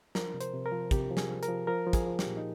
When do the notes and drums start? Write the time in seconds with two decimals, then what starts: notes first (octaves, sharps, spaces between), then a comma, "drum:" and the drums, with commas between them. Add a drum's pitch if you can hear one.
0.15 F3 A#4, drum: snare
0.34 C3
0.41 C5, drum: hi-hat
0.53 C3
0.66 A#4
0.72 F3
0.91 C3 G4, drum: kick, hi-hat
1.11 F3
1.17 G#4, drum: snare
1.29 F3
1.43 A#4, drum: hi-hat
1.49 F3
1.67 F3 A#4
1.87 F3
1.93 G#4, drum: kick, hi-hat
2.07 F3
2.19 G4, drum: snare
2.26 A#2
2.37 D#4